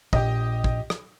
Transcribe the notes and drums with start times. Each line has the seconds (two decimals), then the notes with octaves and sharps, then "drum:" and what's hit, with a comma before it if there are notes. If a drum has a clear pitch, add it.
0.13 A#1 G4 D#5, drum: kick
0.64 drum: kick
0.90 drum: rim click